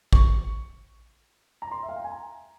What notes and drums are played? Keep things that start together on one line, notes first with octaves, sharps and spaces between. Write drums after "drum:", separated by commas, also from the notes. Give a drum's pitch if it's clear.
C#6, drum: kick A1
A#5
C6
E5
F5
G5
G#5
A#5